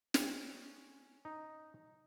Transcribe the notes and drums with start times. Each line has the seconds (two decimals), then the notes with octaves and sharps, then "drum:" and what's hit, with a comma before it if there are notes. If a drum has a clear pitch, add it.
0.14 C#4, drum: snare
1.25 D#4